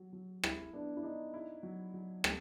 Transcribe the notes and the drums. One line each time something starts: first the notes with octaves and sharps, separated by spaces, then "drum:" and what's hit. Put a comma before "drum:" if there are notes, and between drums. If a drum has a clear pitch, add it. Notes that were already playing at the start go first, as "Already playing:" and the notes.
Already playing: F#3
F#3
E4 G#4, drum: rim click
B3 D4
E4
D4 D#4
E4
F#3
F#3
A3 C4, drum: rim click